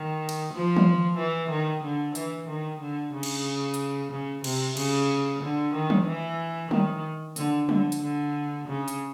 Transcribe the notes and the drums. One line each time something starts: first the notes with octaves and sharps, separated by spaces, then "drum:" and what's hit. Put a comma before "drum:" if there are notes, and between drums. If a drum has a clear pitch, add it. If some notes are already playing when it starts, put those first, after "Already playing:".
Already playing: D#3
drum: cymbal
F3
drum: tom
E3
D#3
D3
E3, drum: hi-hat
D#3
D3
C#3
drum: cymbal
drum: hi-hat
C#3
C3, drum: cymbal
C#3, drum: cymbal
D3
D#3
drum: tom
E3
D#3, drum: tom
D3, drum: hi-hat
D3, drum: tom
drum: hi-hat
D3
C#3
drum: hi-hat